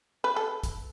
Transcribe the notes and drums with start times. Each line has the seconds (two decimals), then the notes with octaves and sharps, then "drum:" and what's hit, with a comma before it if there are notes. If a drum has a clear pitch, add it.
0.24 B4
0.36 A4
0.64 drum: kick, hi-hat